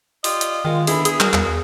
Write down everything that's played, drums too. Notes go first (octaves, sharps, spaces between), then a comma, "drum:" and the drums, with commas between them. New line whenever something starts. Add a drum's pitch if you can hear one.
F4 G4 D5 D#5, drum: open hi-hat
drum: hi-hat
D#3 G#3 F4
D3 B3 E4 G#4 B5, drum: open hi-hat
G#4 D#6, drum: hi-hat
G3 F#4 A#4, drum: clap
E2, drum: clap